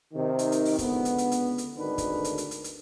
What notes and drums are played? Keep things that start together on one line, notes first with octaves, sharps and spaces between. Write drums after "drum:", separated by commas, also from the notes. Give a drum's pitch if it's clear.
C3 D#3
drum: hi-hat
drum: hi-hat
drum: open hi-hat
C#2 D3 B3, drum: kick, hi-hat
drum: hi-hat
drum: hi-hat
drum: hi-hat
drum: hi-hat
G#1 D2 D#3 D4 B4
drum: kick, hi-hat
drum: hi-hat
drum: hi-hat
drum: hi-hat
drum: hi-hat